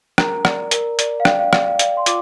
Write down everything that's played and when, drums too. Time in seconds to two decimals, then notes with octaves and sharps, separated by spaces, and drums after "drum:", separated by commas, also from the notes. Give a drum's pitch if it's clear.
0.18 A#4 A#5, drum: rim click
0.45 D5, drum: rim click
0.71 A#4, drum: hi-hat
0.99 D5, drum: hi-hat
1.20 F5
1.25 D5 G5, drum: rim click
1.39 F5
1.53 D5, drum: rim click
1.66 F5
1.79 D5 F5, drum: hi-hat
1.97 C6
2.06 F4 D6, drum: hi-hat